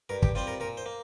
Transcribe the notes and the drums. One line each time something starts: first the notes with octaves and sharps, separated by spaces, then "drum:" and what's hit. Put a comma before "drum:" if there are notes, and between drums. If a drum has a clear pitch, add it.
G2 A#4
G4, drum: kick
G3 C4 F4 C5
A#4
A#2 A#4
C5
A#3